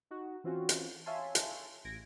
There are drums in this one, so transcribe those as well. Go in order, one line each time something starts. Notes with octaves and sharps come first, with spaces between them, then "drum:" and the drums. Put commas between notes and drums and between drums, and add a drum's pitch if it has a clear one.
D#4 F#4
E3 C4 C#4 F4 F#4
drum: hi-hat
C#5 E5 F5 G#5 A5 C6
drum: hi-hat
A1 G#6 A#6 D7